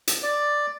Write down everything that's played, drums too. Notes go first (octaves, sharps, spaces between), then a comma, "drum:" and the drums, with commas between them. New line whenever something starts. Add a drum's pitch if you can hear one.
drum: hi-hat
D5